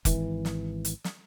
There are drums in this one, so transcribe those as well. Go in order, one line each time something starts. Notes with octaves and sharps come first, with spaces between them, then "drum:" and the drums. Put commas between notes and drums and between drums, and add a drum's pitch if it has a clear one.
G#1 E3, drum: kick F1, hi-hat
drum: snare
drum: hi-hat
drum: snare